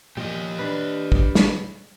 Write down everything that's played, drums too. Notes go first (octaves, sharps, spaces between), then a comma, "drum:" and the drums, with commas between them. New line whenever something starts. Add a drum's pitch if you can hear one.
A#2 F3 G4 D#5
D4 B4
drum: kick
drum: snare